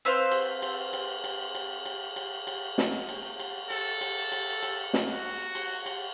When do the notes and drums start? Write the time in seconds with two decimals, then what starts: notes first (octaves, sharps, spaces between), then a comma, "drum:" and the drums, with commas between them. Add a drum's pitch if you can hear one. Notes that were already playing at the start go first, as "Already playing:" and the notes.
0.05 C4 B4 C5 F5
0.32 drum: cymbal
0.62 drum: cymbal
0.93 drum: cymbal
1.24 drum: cymbal
1.55 drum: cymbal
1.86 drum: cymbal
2.16 drum: cymbal
2.47 drum: cymbal
2.78 drum: snare
3.09 drum: cymbal
3.40 drum: cymbal
3.70 A4, drum: cymbal
4.01 drum: cymbal
4.32 drum: cymbal
4.63 drum: cymbal
4.94 drum: snare
5.11 F#4
5.55 drum: cymbal
5.86 drum: cymbal